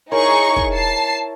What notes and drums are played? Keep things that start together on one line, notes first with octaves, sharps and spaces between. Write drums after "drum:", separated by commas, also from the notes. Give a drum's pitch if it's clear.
D#4 E4 G#4 A#4 C#5 C#6
drum: kick
A5 C7